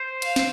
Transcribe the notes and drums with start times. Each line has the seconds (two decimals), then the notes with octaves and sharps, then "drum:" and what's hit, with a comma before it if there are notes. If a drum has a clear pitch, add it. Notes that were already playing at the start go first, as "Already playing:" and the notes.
Already playing: C5
0.22 F5, drum: hi-hat
0.36 drum: snare